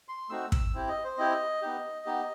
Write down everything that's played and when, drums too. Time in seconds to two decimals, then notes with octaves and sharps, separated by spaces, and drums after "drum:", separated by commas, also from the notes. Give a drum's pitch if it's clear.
0.08 C6
0.30 A3 C4 D#4 F#4 E6
0.52 E6, drum: kick
0.74 C4 E4 G4
0.88 D#5
1.04 C5
1.18 C4 E4 G4 D#5
1.62 B3 D#4 G4
2.06 B3 D#4 G4